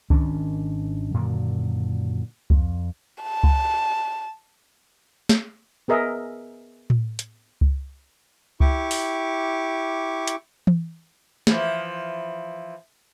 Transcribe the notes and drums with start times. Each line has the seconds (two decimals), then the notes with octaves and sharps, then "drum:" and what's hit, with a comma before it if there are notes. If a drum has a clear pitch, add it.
0.10 G#1 D#3 C#4 D4, drum: kick C#2
1.14 F#2 A#2 D3 D#3
2.50 F2, drum: kick C#2
3.23 A5
3.44 drum: kick C#2
5.29 drum: snare
5.88 B3 G#4 A#4 D#5 E5
6.90 drum: tom A2
7.19 drum: hi-hat
7.61 drum: kick C#2
8.60 E4 G4 C#6 D6, drum: kick C#2
8.91 drum: open hi-hat
10.27 drum: hi-hat
10.67 drum: tom E3
11.47 E3 F3, drum: snare